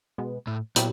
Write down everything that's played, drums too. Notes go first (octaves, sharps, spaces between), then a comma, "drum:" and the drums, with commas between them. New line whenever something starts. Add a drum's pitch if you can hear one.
B2 G#3 B3
A2
A#2 F#3 B3 E4 G4 B4, drum: hi-hat